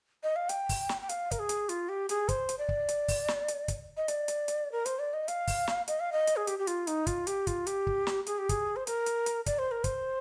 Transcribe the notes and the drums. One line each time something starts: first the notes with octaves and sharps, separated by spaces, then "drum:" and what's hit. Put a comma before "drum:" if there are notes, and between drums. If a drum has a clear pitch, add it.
D#5
F5
G5, drum: hi-hat
drum: kick, open hi-hat
drum: snare
G5
F5, drum: hi-hat
A#4, drum: kick, hi-hat
G#4
drum: hi-hat
F4, drum: hi-hat
G4
G#4, drum: hi-hat
C5, drum: kick, hi-hat
drum: hi-hat
D5
drum: kick
drum: hi-hat
drum: kick, open hi-hat
drum: snare
drum: hi-hat
drum: kick, hi-hat
D#5
D5, drum: hi-hat
drum: hi-hat
drum: hi-hat
A#4
C5, drum: hi-hat
D5
D#5
F5, drum: hi-hat
drum: kick, open hi-hat
drum: snare
D#5, drum: hi-hat
F5
D#5
drum: hi-hat
G#4
G4, drum: hi-hat
G4
F4, drum: hi-hat
D#4, drum: hi-hat
F4, drum: kick, hi-hat
G4, drum: hi-hat
F4, drum: kick, hi-hat
G4, drum: hi-hat
drum: kick
drum: snare
G#4, drum: hi-hat
G4
G#4, drum: kick, hi-hat
C5
A#4, drum: hi-hat
drum: hi-hat
drum: hi-hat
D5, drum: kick, hi-hat
C5
A#4
C5, drum: kick, hi-hat